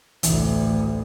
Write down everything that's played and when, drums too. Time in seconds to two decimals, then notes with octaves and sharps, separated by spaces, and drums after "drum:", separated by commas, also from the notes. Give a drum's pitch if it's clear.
0.23 A1 D2 E3, drum: hi-hat